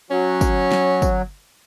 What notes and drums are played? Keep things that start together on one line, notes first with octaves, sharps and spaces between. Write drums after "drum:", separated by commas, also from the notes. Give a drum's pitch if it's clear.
F#3 C#4
drum: kick, tambourine
drum: snare
drum: kick, tambourine